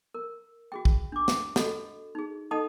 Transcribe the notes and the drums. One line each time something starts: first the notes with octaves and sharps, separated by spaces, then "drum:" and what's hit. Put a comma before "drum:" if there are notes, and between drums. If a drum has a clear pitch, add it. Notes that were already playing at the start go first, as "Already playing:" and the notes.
A#4
F#4 G#4 G5
drum: kick
D4 D6
drum: snare
F#4 A4 D#5, drum: snare
D#4 G#4
D#4 A4 D#5 F#5 A5 D#6